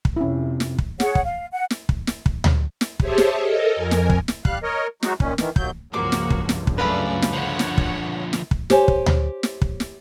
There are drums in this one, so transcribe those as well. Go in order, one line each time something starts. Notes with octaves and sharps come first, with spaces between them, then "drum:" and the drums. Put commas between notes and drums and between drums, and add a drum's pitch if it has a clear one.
drum: kick
F2 C3 C#4 E4
drum: snare
drum: kick
G#4 C#5 F#5, drum: snare
drum: kick
F5
F#5
drum: snare
drum: kick
drum: snare
drum: kick
drum: tom D2
drum: snare
G4 G#4 C5 C#5 E5 A5, drum: kick
drum: snare
A4 A#4 D#5
F2 A#4 G#5
drum: snare
drum: kick
drum: snare
G3 F5 F#6, drum: kick
A#4 C#5 D#5
F#3 G#3 D#4 F#4, drum: snare
A#2 D#3 C#4, drum: kick
D#3 E3, drum: snare
D#2 F#3 G6, drum: kick
C#2 G2 F3 A#3 F#4 C5 D6
drum: snare
drum: kick
drum: snare
drum: kick
F#2 A3 B4 D5 F5 B5
drum: snare
D3 F3 C#5 F#5
drum: snare
drum: kick
drum: snare
drum: kick
G4 C5 C#5 G#5, drum: snare
drum: kick
drum: tom D2
drum: snare
drum: kick
drum: snare